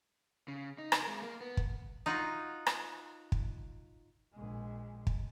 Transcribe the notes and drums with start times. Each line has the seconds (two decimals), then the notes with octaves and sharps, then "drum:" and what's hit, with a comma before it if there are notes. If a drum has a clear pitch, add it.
0.48 C#3
0.78 D#4
0.92 drum: rim click
1.03 G#3 A#4
1.22 A#3
1.41 B3
1.57 drum: kick
2.06 D#4 F4 F#4
2.66 drum: rim click
3.32 drum: kick
4.34 A#1 G#3
5.07 drum: kick